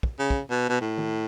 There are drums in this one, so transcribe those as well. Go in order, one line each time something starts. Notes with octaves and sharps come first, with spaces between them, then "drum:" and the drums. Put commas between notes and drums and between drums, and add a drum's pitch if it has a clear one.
drum: kick
C#3
drum: kick
B2
B2
A2
drum: tom D#3